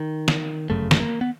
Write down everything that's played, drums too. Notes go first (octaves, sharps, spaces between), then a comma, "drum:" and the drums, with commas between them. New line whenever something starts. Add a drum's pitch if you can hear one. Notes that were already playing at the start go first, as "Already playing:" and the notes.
Already playing: D#3
drum: snare
G1 F#2 C#3 A3
A3, drum: snare
A#3
B3